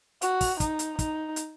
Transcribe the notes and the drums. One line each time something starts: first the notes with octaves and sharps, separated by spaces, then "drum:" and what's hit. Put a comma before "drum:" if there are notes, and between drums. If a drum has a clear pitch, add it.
F#4, drum: hi-hat
drum: kick, open hi-hat
D#4, drum: kick, hi-hat
drum: hi-hat
D#4, drum: kick, hi-hat
drum: hi-hat